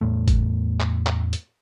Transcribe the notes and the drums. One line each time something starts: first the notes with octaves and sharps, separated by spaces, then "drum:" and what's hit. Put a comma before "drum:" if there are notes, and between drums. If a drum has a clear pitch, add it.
E2 A2 A3
drum: kick, hi-hat
drum: clap
drum: clap
drum: hi-hat